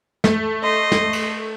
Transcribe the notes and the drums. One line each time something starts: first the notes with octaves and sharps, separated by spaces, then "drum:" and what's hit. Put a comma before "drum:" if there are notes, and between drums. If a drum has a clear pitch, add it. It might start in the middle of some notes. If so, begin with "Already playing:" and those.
A3, drum: snare
D#5 C6
drum: snare
drum: cymbal